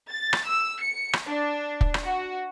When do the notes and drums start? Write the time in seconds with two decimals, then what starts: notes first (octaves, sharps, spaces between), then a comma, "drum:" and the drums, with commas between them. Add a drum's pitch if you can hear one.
0.10 A6
0.33 drum: rim click
0.46 E6
0.81 C#7
1.13 drum: rim click
1.26 D4
1.81 drum: kick
1.94 drum: rim click
2.03 F#4